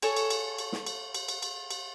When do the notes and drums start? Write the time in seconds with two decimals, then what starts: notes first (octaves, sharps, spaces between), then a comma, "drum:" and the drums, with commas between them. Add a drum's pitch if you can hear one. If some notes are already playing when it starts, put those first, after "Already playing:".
0.02 A4 C#5 G#5, drum: cymbal
0.16 drum: cymbal
0.30 drum: cymbal
0.58 drum: cymbal
0.72 drum: snare
0.86 drum: cymbal
1.15 drum: cymbal
1.29 drum: cymbal
1.43 drum: cymbal
1.71 drum: cymbal